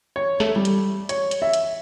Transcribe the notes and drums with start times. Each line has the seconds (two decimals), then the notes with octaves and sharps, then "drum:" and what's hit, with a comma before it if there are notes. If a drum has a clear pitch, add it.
0.16 C#5
0.40 A3, drum: snare
0.56 G3
0.65 drum: hi-hat
1.09 C#5, drum: hi-hat
1.31 drum: hi-hat
1.42 E5
1.53 drum: hi-hat